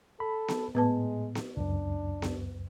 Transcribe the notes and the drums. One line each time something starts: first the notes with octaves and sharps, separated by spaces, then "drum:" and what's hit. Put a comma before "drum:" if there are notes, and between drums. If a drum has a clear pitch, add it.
A4 B5
drum: snare B3
A2 G#3 B3 B4 A5
drum: snare B3
C#2 F#2 D4
drum: snare B3